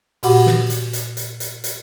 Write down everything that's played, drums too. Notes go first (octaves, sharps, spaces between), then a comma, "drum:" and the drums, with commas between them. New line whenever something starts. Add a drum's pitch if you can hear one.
A#2 F#4 G4 F#5 B5 D6, drum: open hi-hat
drum: snare
drum: hi-hat
drum: hi-hat
drum: hi-hat
drum: hi-hat
drum: hi-hat